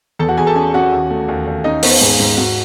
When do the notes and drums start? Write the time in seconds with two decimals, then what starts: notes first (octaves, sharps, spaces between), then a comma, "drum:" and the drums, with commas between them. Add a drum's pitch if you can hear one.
0.19 E2 A4 A5
0.28 F#4 F#5
0.37 E2 G#4 G#5
0.47 A4 A5
0.55 C#4 G#4 G#5
0.74 C#4 F#4 F#5
0.92 D#2
1.11 A3
1.28 D#2
1.47 D#2
1.64 C#4 D#4 D#5
1.82 B3 C#4 B4, drum: open hi-hat
2.01 G#2 G#4
2.19 G#2
2.37 G#2 F#4